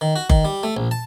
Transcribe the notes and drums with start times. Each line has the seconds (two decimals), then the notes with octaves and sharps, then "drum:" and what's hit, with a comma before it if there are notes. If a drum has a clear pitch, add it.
0.01 D#3
0.16 F#4
0.30 D#3, drum: kick F#1
0.45 G3
0.63 A3
0.77 A#1
0.91 A5